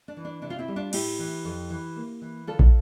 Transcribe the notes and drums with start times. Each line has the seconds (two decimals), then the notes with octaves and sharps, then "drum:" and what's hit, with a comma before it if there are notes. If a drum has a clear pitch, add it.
0.08 D4
0.17 E3
0.25 D4
0.42 C3 D4
0.50 F4
0.59 C4 E4
0.68 G3
0.76 D4 F4
0.93 A2 E4 G4, drum: cymbal
1.19 E3
1.44 F2
1.70 E3
1.96 A#3
2.22 E3
2.47 D3 F4 A4
2.59 drum: kick